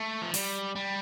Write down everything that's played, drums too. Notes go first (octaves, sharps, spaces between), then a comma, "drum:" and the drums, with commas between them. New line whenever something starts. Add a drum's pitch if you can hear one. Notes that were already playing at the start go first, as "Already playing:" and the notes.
Already playing: A3
F3
G3, drum: open hi-hat
G3